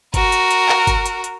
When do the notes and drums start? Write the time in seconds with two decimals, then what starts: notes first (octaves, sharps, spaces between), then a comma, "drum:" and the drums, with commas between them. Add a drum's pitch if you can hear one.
0.14 F#4 A#4, drum: kick G1, hi-hat
0.32 drum: hi-hat
0.51 drum: hi-hat
0.69 drum: clap
0.87 drum: kick G1, hi-hat
1.06 drum: hi-hat
1.24 drum: hi-hat